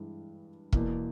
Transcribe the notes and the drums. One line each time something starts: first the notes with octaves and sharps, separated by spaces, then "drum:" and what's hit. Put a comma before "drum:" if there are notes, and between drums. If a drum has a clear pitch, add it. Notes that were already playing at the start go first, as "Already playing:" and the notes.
Already playing: G2 E3 G#3
E2 B2 A#3, drum: kick